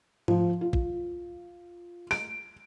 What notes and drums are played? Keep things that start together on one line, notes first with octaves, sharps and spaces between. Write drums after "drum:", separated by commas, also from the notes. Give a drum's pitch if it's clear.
F3, drum: tom G#2
F4
drum: kick A1
D7, drum: open hi-hat